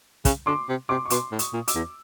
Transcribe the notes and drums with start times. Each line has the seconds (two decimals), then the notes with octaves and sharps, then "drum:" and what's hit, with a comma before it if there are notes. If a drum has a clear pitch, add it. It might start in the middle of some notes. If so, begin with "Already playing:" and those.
0.25 C#3, drum: kick, hi-hat
0.46 D3 C6 D6
0.69 C3
0.89 C3 C6 D6
1.05 C#6
1.10 B2 C6 D6, drum: hi-hat
1.32 A2
1.39 C#6 D#6, drum: hi-hat
1.53 A#2
1.68 D6 E6, drum: hi-hat
1.75 E2